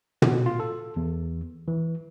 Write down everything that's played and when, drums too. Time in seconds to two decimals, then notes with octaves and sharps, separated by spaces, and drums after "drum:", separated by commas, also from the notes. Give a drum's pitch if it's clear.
0.22 B2, drum: tom
0.46 F4
0.60 A4
0.96 E2
1.68 E3